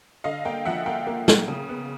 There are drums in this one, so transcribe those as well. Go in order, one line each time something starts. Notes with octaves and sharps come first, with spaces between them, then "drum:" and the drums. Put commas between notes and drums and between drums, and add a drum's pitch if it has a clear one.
D3 D#5 F5
A#3 F5 G5
F3 E5 F#5
A#3 F5 G5
A#3
A#3, drum: snare
C#3
B3